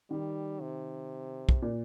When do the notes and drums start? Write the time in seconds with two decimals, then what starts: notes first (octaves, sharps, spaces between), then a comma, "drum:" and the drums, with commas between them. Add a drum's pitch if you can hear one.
0.10 D#3 G3
0.61 C3
1.49 drum: kick
1.62 A#2